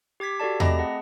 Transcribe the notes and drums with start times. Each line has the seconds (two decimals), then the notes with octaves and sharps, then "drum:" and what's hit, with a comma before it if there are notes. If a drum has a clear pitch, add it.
0.20 G4 D6 G#6 B6
0.40 F#4 G4 A4 D5 A5
0.60 A3 C4 D#5 A#5 B5 A#6, drum: tom E2
0.79 G#4 F#5 A5